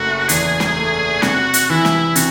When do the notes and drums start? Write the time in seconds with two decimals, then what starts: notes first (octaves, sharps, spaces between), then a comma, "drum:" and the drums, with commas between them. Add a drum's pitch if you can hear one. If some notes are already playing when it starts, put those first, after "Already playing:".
Already playing: F#1 A3 F#4
0.29 E2 G#4, drum: hi-hat
0.60 drum: snare
0.76 A3
1.22 C3 F#4, drum: snare
1.54 drum: hi-hat
1.70 E3 E4
1.85 drum: snare
2.16 C3 F#4, drum: hi-hat